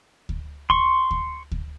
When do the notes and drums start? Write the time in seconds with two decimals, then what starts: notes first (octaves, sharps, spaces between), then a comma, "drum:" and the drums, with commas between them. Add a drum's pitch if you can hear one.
0.29 drum: kick D2
0.70 C6 C#6, drum: kick D2
1.11 drum: kick D2
1.52 drum: kick D2